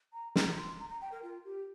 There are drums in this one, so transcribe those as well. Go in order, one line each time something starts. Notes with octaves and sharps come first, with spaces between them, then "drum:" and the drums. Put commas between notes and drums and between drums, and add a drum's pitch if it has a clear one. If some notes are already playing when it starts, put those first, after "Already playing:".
A#5
A#5, drum: snare
C6
A#5
A#5
G5
A#4
F4
G4